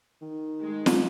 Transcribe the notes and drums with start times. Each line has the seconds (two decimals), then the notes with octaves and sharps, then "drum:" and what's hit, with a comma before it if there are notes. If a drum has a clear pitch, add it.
0.22 D#3
0.61 G#3
0.86 drum: snare